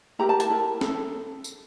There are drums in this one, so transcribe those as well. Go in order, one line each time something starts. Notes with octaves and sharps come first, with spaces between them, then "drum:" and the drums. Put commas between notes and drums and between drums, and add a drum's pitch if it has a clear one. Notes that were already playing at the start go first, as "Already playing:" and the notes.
E4 G4 A#4 A#5
A5
A5, drum: hi-hat
E4 A#4
A4, drum: snare
drum: tambourine